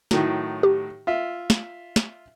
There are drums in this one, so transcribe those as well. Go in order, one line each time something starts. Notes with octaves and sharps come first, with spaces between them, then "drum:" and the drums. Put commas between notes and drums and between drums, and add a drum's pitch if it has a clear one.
A2 D#3 F#3, drum: snare
G4
F4 E5
drum: snare
drum: snare